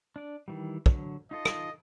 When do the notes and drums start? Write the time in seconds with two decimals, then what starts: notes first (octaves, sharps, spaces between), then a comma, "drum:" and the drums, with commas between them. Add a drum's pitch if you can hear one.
0.16 D4 D5
0.48 D#3 E3 G3
0.86 D3 F#3, drum: kick
1.31 D#4 F4 A4 D#5
1.45 drum: rim click